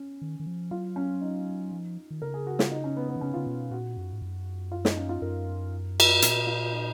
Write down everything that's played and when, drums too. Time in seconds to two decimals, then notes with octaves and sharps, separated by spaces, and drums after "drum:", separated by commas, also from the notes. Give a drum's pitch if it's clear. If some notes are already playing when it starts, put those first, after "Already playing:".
Already playing: C#4
0.22 D#3
0.40 D#3
0.46 F3
0.71 F#3 F4
0.96 C#4
1.21 D#4
1.71 F3
2.11 D#3
2.22 C#3 A#4
2.34 G#4
2.47 F#4
2.59 F4, drum: snare
2.71 D#4
2.84 C#4
2.97 B3
3.09 B3
3.16 D#3
3.21 C#3 C#4
3.34 C#3 F4
3.47 B2
3.71 A#2 F#4
3.97 F#2
4.13 G#2
4.22 F#2
4.72 F4
4.85 D#4, drum: snare
4.97 C#4
5.09 F4
5.22 F#2 A#4
6.00 drum: cymbal
6.22 A#2, drum: hi-hat
6.47 F4
6.72 D#4